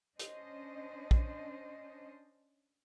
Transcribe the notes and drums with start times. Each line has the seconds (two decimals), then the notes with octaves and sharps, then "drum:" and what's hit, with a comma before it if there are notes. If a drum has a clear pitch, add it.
0.19 C#4 D4 C5 D#5, drum: hi-hat
1.11 drum: kick